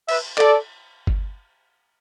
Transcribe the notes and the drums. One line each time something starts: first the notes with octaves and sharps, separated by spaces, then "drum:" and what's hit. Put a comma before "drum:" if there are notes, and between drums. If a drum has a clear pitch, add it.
B4 E5, drum: cymbal
A4 D5, drum: clap
drum: kick G1